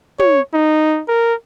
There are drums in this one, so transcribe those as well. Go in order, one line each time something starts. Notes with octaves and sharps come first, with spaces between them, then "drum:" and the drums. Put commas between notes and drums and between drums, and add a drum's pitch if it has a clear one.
C#5, drum: tom
D#4
A#4